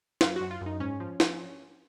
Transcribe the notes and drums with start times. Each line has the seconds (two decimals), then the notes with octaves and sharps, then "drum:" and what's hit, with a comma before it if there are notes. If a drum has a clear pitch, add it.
0.21 F#2 F4, drum: snare
0.36 F#2 F#4
0.51 F4
0.61 F#2 D#4
0.80 G#2 C#4
1.00 F3
1.20 F3, drum: snare